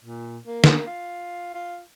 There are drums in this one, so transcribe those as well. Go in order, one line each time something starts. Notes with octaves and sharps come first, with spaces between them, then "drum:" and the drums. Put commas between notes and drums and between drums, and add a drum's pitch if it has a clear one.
A#2
A#3
drum: snare
F4
F4